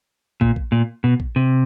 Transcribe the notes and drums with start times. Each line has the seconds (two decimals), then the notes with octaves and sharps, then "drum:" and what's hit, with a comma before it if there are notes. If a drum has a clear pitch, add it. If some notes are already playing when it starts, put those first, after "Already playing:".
0.41 A#2, drum: kick
0.56 drum: kick
0.72 A#2
1.04 B2
1.20 drum: kick
1.36 C3